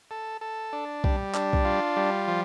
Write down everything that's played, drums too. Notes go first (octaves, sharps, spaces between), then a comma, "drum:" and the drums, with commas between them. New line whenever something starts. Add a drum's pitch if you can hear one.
A4
A4
D4
G3, drum: kick B1
D4, drum: clap
drum: kick B1
F4
G3
F3